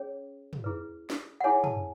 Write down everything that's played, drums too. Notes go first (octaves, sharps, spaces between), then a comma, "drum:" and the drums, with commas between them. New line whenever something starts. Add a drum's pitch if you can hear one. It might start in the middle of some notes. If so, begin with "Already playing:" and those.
Already playing: C#4 G#4 C#5
drum: tom
E4 G#4 B4
drum: snare
F#5
E4 G#4 C#5 G#5
A5, drum: tom